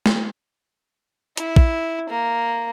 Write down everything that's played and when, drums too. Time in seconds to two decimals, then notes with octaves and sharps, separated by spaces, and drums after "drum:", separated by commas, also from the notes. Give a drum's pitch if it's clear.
0.06 drum: snare
1.37 E4, drum: hi-hat
1.56 drum: kick
2.10 A#3